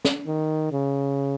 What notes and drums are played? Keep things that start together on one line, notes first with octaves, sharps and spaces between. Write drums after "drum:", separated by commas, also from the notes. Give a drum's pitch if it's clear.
drum: snare
D#3
C#3